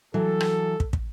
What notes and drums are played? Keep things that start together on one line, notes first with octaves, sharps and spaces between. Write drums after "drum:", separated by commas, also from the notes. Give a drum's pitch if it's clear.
E3 F#3 A4
drum: rim click
drum: kick
drum: kick